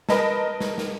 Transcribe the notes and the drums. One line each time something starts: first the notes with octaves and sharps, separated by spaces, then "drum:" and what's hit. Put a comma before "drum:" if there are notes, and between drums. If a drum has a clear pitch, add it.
A#4 B4 D#5 A5, drum: snare
drum: snare
drum: snare